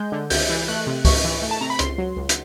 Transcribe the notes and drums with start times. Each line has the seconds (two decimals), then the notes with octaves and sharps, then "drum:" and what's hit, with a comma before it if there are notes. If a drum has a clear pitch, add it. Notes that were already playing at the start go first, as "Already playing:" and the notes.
Already playing: G#3 G6
0.12 D3
0.30 C#2 G6, drum: open hi-hat
0.50 E3
0.68 A3 F#6
0.87 C3
1.05 C#2 C#6, drum: kick, open hi-hat
1.24 E3
1.42 A3
1.51 A5
1.61 C3 A#5
1.70 B5
1.79 C#2 C6, drum: hi-hat
1.98 F#3
2.17 C#2
2.29 drum: hi-hat